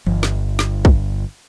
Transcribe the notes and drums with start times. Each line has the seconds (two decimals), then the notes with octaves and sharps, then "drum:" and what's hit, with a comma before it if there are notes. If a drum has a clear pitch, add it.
0.07 G1, drum: tom E3
0.23 drum: snare
0.59 drum: snare
0.85 drum: kick A#1